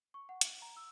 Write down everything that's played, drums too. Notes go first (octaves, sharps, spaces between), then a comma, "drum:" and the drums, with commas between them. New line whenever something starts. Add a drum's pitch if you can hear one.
C#6
F#5
F#7, drum: hi-hat
A#5
E6